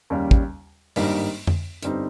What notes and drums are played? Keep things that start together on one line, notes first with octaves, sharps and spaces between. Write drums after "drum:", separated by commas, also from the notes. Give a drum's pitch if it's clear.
D#2 C#3 G3 C#4
drum: kick
G#1 G2 G3 A#3 D#4, drum: open hi-hat
drum: tom F2
G1 G2 G3 C4 D#4, drum: hi-hat